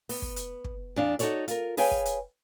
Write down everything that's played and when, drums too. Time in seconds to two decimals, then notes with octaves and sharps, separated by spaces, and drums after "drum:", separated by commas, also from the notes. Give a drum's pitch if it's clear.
0.09 B3, drum: open hi-hat
0.22 drum: kick
0.36 drum: hi-hat
0.64 drum: kick
0.96 E2 D4 F5
1.19 D#4 F#4 G4 A4 C#5 D5, drum: hi-hat
1.48 F4 A#4, drum: hi-hat
1.77 G#4 B4 C#5 F5 G5 G#5, drum: open hi-hat
1.91 drum: kick
2.05 drum: hi-hat